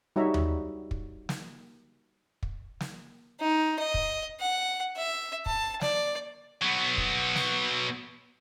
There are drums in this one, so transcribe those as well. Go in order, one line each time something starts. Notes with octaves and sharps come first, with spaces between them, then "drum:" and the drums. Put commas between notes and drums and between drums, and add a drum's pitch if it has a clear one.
G3 D#4 F#4 C#5 E5 A#5
drum: tom D#2
drum: kick
drum: snare
drum: kick
drum: snare
D#4
D#5
drum: kick
F#5
E5
A5, drum: kick
D5, drum: snare
F#3 B3
drum: kick
drum: snare